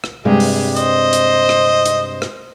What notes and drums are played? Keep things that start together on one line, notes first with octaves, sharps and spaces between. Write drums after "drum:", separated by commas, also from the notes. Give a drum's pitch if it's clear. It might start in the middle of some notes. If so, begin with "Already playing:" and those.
drum: rim click
G2 C3 G#3 G4 G#4
drum: open hi-hat
C5 D#5, drum: hi-hat
drum: hi-hat
drum: rim click
drum: hi-hat
drum: rim click